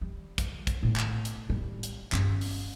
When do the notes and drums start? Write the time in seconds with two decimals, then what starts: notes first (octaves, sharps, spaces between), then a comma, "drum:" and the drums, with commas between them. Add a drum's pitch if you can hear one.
0.01 G3
0.38 drum: kick, hi-hat
0.67 drum: kick, hi-hat
0.83 A2 B3
0.96 drum: clap
1.25 drum: hi-hat
1.50 G3
1.83 drum: hi-hat
2.12 G1 C#4, drum: clap
2.41 drum: open hi-hat